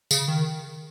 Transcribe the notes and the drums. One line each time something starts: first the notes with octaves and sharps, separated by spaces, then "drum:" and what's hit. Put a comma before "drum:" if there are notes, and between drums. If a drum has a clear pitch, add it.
C#3, drum: tambourine
D#3